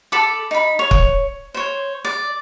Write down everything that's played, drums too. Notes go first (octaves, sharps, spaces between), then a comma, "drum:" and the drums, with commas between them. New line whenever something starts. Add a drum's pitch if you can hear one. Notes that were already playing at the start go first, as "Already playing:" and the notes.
A4 B5 D6
D#4 B5
C#5
drum: kick
C5 C#5
D5